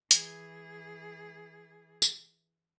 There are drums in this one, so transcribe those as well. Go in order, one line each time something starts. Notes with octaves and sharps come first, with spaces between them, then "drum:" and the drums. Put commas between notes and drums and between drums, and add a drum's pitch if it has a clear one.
E3 G#4, drum: hi-hat
drum: tambourine